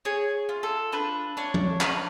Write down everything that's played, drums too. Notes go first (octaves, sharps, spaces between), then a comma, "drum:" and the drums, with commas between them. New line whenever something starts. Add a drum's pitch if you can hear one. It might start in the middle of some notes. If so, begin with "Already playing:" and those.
G#4 C#5
F4
A4
D4 B4
D4 C#5
drum: tom F3
C#4 B4, drum: clap